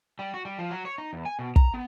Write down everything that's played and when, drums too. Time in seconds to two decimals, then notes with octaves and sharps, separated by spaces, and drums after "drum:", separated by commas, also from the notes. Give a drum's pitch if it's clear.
0.19 G3
0.34 F#4
0.45 G3
0.59 F3
0.71 F#3
0.85 C#5
0.98 D#4
1.13 E2
1.25 G#5
1.39 B2
1.56 A#5, drum: kick
1.74 B3